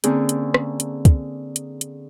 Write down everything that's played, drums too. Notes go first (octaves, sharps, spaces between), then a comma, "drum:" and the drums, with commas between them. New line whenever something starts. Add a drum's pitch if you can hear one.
D3 A#3 C4 C#4 G#4, drum: hi-hat
drum: hi-hat
drum: rim click
drum: hi-hat
drum: kick, hi-hat
drum: hi-hat
drum: hi-hat